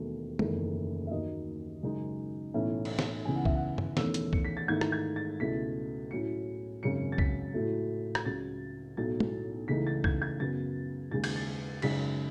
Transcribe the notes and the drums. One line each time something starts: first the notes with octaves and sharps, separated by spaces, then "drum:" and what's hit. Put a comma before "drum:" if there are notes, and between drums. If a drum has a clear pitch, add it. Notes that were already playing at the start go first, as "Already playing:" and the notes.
Already playing: E1 D#2 D#3 F#3 A3
F#1 E2 D#3 A3 E4, drum: tom
E5
D#2 D#3 F#3 D#5
F#2 C#3 G#3 D#4
B1 A2 E3 A3 C#4 E5
drum: cymbal
drum: snare
C#2 C#3 E3 B3 G#5
F#5
E5, drum: kick
F#5
drum: tom G2
E1 E2 D#3 A3 C#4 E6, drum: snare
drum: hi-hat
C#7, drum: kick
B6
A6
G#2 D#3 A3 E4 G#6
drum: rim click
G#6
A6
C#2 B2 A3 E4 B6
A2 F#3 C#4 E4 C#7
G#1 F#2 C#3 G#3 C#4 C#7
A6
B6, drum: kick
A2 F#3 A3
G#6, drum: rim click
C#2 C#3 F#3 A6
B1 A2 F#3 A3 E4 A6
drum: tom
C#2 C#3 E3 A3 D#4 B6
A6
G#6, drum: kick
G#6
F#2 C#3 F#3 B3 A6
D#2 C#3 G#3 A6
G#6, drum: cymbal
A6
F#2 C#3 G#3 D#4 B6, drum: cymbal